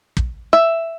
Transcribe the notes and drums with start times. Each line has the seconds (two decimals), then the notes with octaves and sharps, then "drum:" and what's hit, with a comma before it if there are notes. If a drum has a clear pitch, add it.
0.17 drum: kick
0.53 E5